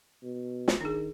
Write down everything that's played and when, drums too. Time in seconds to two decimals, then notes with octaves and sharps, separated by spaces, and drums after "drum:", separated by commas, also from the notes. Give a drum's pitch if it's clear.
0.23 B2
0.68 drum: snare
0.81 D#3 D4 G#4